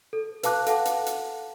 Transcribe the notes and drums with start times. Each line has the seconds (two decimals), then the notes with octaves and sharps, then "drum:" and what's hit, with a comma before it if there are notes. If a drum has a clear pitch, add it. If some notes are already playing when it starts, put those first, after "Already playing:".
0.13 A4
0.43 B4 F5 A5 D6 F#6, drum: hi-hat
0.66 A4 F5 F#5 A5, drum: hi-hat
0.85 drum: hi-hat
1.06 drum: hi-hat